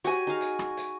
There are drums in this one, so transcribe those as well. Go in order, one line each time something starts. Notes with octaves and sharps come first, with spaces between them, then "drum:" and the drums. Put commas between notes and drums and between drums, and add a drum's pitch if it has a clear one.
F#4 G4 C#5 G#5, drum: hi-hat
D#4 G#4 F5
drum: hi-hat
drum: rim click
drum: hi-hat